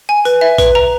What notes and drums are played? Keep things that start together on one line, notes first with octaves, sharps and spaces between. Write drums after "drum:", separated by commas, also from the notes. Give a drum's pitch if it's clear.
G#5
B4, drum: tambourine
E5
B4, drum: kick, tambourine
A#5